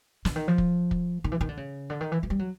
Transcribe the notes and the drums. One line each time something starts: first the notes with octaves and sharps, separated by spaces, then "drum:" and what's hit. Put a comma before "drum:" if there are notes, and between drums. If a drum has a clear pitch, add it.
D3, drum: snare
D#3
F3
drum: kick
drum: kick
D#3
E3
D#3
D3
C#3
D3
D#3
E3
F3
G3
F#3